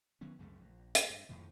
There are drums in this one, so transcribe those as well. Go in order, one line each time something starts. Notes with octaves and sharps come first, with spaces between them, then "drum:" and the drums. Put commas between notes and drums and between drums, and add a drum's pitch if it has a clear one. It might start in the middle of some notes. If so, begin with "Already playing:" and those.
D#3 F#3 B3 C#4
C#2 F#2 C#3 A3
A#1
drum: hi-hat
G2
F2 A2 D#3 F3